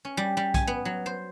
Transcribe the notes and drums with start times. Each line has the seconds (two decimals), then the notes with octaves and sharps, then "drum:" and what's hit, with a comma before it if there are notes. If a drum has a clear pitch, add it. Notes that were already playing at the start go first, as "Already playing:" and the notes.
0.05 C#4
0.17 G3
0.37 G3
0.54 G#5, drum: kick B1, hi-hat
0.67 B3
0.85 F#3
1.06 C5